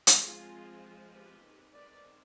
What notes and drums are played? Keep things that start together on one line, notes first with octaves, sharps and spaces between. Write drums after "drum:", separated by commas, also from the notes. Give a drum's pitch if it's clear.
drum: hi-hat
F3 G#3 C4 F4 G#4
G4 B4
D#3 G#3 C4
B4 D5